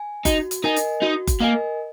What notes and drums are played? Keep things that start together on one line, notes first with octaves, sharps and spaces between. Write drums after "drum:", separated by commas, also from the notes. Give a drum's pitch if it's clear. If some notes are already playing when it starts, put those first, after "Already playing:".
Already playing: G#5
D#4 F#4, drum: kick F#1, hi-hat
drum: hi-hat
D#4 A#4 D#5 G#5
drum: hi-hat
D#4 F#4
drum: kick F#1, hi-hat
A#3 A#4 D#5 G#5